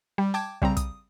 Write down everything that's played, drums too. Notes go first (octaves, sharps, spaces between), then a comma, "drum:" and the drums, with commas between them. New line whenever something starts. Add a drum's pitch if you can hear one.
G3
G5 A5 D6 G#6
C#3 G3 C4 A#5, drum: kick
D#6, drum: kick, hi-hat